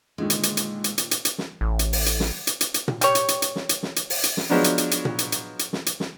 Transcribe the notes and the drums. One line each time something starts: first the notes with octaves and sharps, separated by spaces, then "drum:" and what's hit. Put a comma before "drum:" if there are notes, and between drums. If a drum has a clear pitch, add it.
A#2 D3 D#3 G#3
drum: hi-hat
drum: hi-hat
drum: hi-hat
drum: hi-hat
drum: hi-hat
drum: hi-hat
drum: hi-hat
drum: snare
A1
drum: hi-hat
drum: open hi-hat
drum: hi-hat
drum: snare
drum: hi-hat
drum: hi-hat
drum: hi-hat
drum: tom A#2
G3 G4 C#5, drum: hi-hat
drum: hi-hat
drum: hi-hat
drum: hi-hat
drum: snare
drum: hi-hat
drum: snare
drum: hi-hat
drum: open hi-hat
drum: hi-hat
drum: snare
F3 F#3 G#3 B3 D4
drum: hi-hat
drum: hi-hat
drum: hi-hat
drum: tom A#2
drum: hi-hat
drum: hi-hat
drum: hi-hat
drum: snare
drum: hi-hat
drum: snare